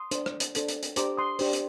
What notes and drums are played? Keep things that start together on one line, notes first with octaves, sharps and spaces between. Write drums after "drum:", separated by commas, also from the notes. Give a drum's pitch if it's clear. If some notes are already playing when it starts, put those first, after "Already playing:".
Already playing: C6 D#6
D4 A4 C5, drum: hi-hat
drum: rim click
drum: hi-hat
D4 A4 C5, drum: hi-hat
drum: hi-hat
drum: hi-hat
D4 G4 C5 A#5 D6, drum: hi-hat
C6 D#6
D4 G4 C5, drum: open hi-hat
drum: hi-hat